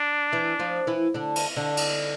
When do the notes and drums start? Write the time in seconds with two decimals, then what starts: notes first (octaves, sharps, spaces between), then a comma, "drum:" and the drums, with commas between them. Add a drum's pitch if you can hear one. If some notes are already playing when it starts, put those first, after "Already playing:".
Already playing: D4
0.32 E3 E4
0.59 F3 F4
0.87 E3 E4
1.14 D3 D4
1.36 drum: cymbal
1.56 D3 D4
1.77 drum: cymbal